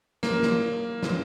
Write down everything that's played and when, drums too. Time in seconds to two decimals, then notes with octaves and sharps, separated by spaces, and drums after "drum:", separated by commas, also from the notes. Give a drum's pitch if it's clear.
0.23 A#3, drum: snare
0.43 drum: snare
1.03 drum: snare